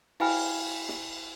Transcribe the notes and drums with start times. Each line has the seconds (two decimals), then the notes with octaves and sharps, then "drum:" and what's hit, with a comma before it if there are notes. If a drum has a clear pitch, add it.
0.20 E4 F5 G5 G#5 B5 F6, drum: cymbal
0.89 drum: snare